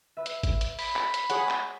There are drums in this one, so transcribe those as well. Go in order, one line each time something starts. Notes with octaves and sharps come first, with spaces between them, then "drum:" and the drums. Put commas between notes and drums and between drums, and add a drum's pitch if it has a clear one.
B4 E5
drum: hi-hat
drum: kick G#1, hi-hat
drum: hi-hat
B5, drum: open hi-hat
drum: clap
drum: hi-hat
G#4 C#5 F#5, drum: hi-hat
drum: clap